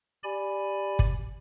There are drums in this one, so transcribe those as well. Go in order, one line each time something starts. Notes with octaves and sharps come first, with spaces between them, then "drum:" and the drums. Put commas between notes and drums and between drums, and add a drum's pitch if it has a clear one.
G4 D5 G#5 B5
drum: kick